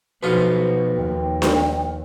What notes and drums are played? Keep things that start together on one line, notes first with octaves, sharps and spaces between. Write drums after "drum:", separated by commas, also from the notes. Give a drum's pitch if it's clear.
B1 B2 F3 D#4 F4 F#4 B4 C5
D#2 G5
drum: snare D4